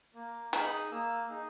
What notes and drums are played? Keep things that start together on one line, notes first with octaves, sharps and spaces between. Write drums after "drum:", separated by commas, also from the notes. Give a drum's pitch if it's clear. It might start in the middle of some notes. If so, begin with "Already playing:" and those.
A#3
D#4 G#4 B5, drum: hi-hat
D#6
A#3 E6
D#4 G#4